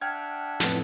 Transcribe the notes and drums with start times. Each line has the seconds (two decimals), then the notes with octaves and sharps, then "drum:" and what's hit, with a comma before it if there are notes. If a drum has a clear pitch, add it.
0.01 D4 E5 F#5 G5 F6 G#6
0.60 F2 A2 B3, drum: snare